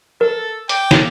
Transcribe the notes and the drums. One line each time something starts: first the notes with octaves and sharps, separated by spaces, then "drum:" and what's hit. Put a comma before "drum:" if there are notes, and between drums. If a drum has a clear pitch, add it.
A4 A#4
G5 D6, drum: hi-hat
drum: snare